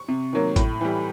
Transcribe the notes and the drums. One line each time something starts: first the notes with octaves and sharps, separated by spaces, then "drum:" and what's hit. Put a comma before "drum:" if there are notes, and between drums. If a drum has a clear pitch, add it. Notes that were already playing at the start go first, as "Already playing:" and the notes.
Already playing: C#6
C3
D#3 F#3 A#3
A2, drum: kick G#1, hi-hat
E3 G3